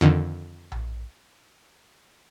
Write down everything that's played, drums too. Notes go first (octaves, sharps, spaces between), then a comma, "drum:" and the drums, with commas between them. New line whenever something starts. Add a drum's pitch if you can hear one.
F2 D3 D#3
drum: tom A#1